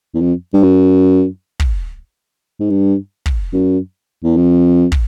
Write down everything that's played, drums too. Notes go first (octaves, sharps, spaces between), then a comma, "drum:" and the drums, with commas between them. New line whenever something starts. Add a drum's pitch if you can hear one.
E2
F2
G2
F#2
drum: kick
G#2
G2
drum: kick
F#2
E2
F2
drum: kick